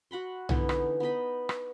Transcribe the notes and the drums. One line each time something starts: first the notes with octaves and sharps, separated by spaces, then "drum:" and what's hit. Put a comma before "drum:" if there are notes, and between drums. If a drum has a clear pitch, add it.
F#4 F#5 B5 C6
D3 E3 B3 D#4, drum: tom B1
drum: rim click
B3 D#4 D#5 B5
drum: rim click